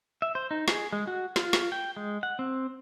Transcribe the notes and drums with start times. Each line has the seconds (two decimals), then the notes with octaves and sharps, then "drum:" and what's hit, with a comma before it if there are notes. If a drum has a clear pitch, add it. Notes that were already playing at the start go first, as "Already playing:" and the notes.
0.22 E5
0.35 C5
0.51 D#4
0.68 G#4, drum: snare
0.93 G#3
1.07 F#4
1.36 F4, drum: snare
1.53 drum: snare
1.72 G5
1.97 G#3
2.23 F#5
2.39 C4